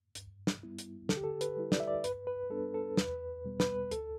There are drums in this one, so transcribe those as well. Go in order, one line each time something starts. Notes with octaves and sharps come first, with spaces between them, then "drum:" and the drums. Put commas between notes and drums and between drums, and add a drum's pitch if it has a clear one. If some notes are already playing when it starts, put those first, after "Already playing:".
G2, drum: hi-hat
drum: snare
G3 B3 E4
drum: hi-hat
D3 A4, drum: snare
G4
A4
B4, drum: hi-hat
G3 E4
D5, drum: snare
E5
D5
G2 B4, drum: hi-hat
B4
G3 B3 D4 A4
A4
E2 B4, drum: snare
B2 G3 B3
B4, drum: snare
D2 A4, drum: hi-hat